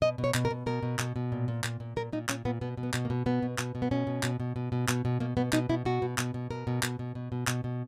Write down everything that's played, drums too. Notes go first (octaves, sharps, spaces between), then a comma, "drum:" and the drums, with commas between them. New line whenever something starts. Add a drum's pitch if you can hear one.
B2 D#5
B2
C#5
B2, drum: clap
A#4
B2
B2 A#4
B2
B2, drum: clap
B2
A#2
A#2
A#2, drum: clap
A#2
A#2 A#4
A#2 D#4
A#2 C#4, drum: clap
A#2 B3
B2 B3
B2
B3
B2, drum: clap
A#3
B2
B2 B3
B2
B2, drum: clap
B2
B3
B2 C#4
B2
B2, drum: clap
B2
B2
B2
B2, drum: clap
B2
B2 A#3
B2 B3
B2 D#4, drum: clap
B2 E4
B2 F#4
B2
B2, drum: clap
B2
B2 A#4
B2
B2, drum: clap
B2
B2
B2
B2, drum: clap
B2